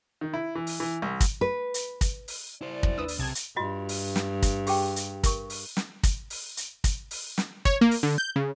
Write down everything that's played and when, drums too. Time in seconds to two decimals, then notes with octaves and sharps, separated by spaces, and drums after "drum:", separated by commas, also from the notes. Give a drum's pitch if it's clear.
0.21 D#3
0.34 E4
0.55 E3
0.67 drum: open hi-hat
0.80 E3
1.02 C2
1.20 drum: kick, hi-hat
1.41 B4
1.74 drum: hi-hat
2.01 drum: kick, hi-hat
2.28 drum: open hi-hat
2.61 E4 C5 D5
2.83 F2 F#3, drum: kick
2.98 D#2 D4 B4 D#6 E6
3.08 drum: open hi-hat
3.18 B1 C3 A5 G#6
3.35 drum: hi-hat
3.56 G2 F4 F#4 D#5
3.89 drum: open hi-hat
4.16 drum: snare
4.42 drum: kick, hi-hat
4.67 G4 G#4 G5, drum: open hi-hat
4.96 drum: hi-hat
5.23 A#4 C#6, drum: kick, hi-hat
5.50 drum: open hi-hat
5.77 drum: snare
6.03 drum: kick, hi-hat
6.30 drum: open hi-hat
6.57 drum: hi-hat
6.84 drum: kick, hi-hat
7.11 drum: open hi-hat
7.38 drum: snare
7.65 C#5, drum: kick
7.81 A#3
7.91 drum: open hi-hat
8.03 D3
8.18 G6
8.36 C#3